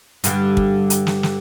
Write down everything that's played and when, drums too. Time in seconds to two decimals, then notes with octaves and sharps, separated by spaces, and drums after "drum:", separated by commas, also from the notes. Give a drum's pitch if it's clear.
0.24 G2 D3, drum: hi-hat
0.57 drum: kick
0.90 drum: hi-hat
1.07 drum: snare
1.23 drum: snare